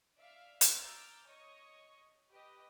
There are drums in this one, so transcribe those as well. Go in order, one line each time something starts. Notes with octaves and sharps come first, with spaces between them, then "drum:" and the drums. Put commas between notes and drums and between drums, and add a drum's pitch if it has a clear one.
D5 E5 F5
drum: hi-hat
A#5 D6 E6 F6 G6 A6
C#5 D#5 C#6
G4 B4 D#5